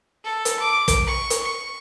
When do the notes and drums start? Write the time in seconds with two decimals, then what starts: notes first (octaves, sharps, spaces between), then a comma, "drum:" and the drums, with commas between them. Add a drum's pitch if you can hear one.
0.24 A4
0.45 drum: hi-hat
0.60 D6
0.88 drum: kick, hi-hat
1.07 C#6
1.30 drum: hi-hat
1.43 C#6